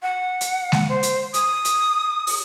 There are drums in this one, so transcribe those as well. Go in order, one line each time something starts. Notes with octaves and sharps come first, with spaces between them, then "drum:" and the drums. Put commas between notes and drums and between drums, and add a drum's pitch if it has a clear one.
F#5
drum: hi-hat
drum: snare G#3
C5
drum: hi-hat
D#6, drum: hi-hat
drum: hi-hat
drum: open hi-hat